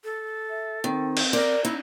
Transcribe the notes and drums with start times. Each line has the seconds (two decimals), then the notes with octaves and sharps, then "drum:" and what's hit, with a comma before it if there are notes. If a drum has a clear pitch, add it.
0.04 A4
0.49 E5
0.84 D#3 C4
1.17 drum: cymbal
1.33 A#4 D5
1.65 C#4 D#4 E4